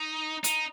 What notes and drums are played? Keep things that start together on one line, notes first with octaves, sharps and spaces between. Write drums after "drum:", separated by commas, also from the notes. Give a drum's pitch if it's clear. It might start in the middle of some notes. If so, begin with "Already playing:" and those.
Already playing: D#4
D#4, drum: hi-hat